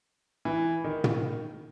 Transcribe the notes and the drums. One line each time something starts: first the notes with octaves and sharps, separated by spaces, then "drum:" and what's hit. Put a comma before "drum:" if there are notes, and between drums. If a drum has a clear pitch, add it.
E3
D#3
drum: tom